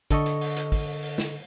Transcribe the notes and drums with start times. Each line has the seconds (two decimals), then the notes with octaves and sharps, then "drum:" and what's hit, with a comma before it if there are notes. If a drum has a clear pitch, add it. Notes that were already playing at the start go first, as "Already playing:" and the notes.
0.11 D3 A4 D#5 C#6, drum: kick, hi-hat
0.26 drum: hi-hat
0.41 drum: open hi-hat
0.57 drum: hi-hat
0.72 drum: kick, open hi-hat
1.03 drum: open hi-hat
1.18 drum: snare